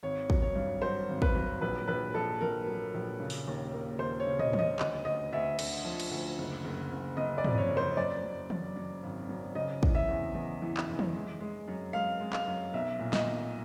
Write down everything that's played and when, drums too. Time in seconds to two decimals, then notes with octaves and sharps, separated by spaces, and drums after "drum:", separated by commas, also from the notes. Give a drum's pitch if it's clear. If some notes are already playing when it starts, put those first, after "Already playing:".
0.03 G#1 C#5
0.30 F#3, drum: kick
0.42 C#5
0.55 G2
0.82 F#3 C5
1.09 G#1
1.22 B4, drum: kick
1.35 F#3
1.61 A#1 B4
1.88 A#1 B4
2.14 A#1 A4
2.41 A#1 A#4
2.67 F#3
2.94 A#1
3.20 C#3
3.30 drum: open hi-hat
3.47 D#2
3.73 A#3
3.99 D#2 C5
4.20 C#5
4.27 C#3
4.39 D#5, drum: tom
4.53 C#3, drum: tom
4.59 D#5
4.79 D2 D#5, drum: clap
5.05 D2 D#5
5.33 D2 E5
5.59 D3, drum: cymbal
5.85 F3
6.00 drum: cymbal
6.11 D2
6.38 F#1
6.65 F#1
6.91 F#1
7.17 F#1 D#5
7.38 D5
7.44 F2, drum: tom
7.58 C#5
7.70 F#1
7.77 C5
7.96 F#2 D5
8.24 F#2
8.50 F#2, drum: tom
8.76 F#2
9.03 G#1
9.29 F#2
9.55 C#3 D#5
9.83 E3, drum: kick
9.95 E5
10.08 E2
10.34 E2
10.62 E3
10.77 drum: clap
10.89 F1
10.99 drum: tom
11.15 G#3
11.40 G#3
11.68 F#2
11.93 G#3 F5
12.20 G#3
12.33 F5, drum: clap
12.47 F#2
12.73 B1 E5
13.00 A#2
13.13 D#5, drum: snare
13.26 B1